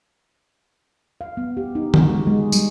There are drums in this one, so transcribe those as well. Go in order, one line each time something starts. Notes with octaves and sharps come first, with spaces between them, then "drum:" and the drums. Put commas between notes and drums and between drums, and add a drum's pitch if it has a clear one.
F5
B3
G4
D#4
F#4, drum: tom D3
G#3
G#3
G3, drum: tambourine